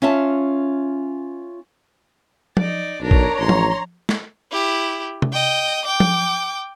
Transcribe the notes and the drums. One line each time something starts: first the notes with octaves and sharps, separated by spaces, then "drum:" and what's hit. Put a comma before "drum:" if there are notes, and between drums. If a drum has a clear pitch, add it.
C#4 F4 E5 A5
D#4 D5, drum: tom F3
B1 D4 A#4 C#5 A#5
drum: kick
A1 C6
drum: tom F3
drum: snare
E4 G4
drum: tom C3
D#5 G5
G5 D6
drum: tom F3